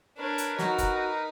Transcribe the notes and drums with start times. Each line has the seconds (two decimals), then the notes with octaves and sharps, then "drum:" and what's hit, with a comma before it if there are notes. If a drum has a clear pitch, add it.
0.18 D4 A#4 B4 C#5
0.38 drum: hi-hat
0.59 D#4 F#4, drum: snare
0.78 drum: kick, hi-hat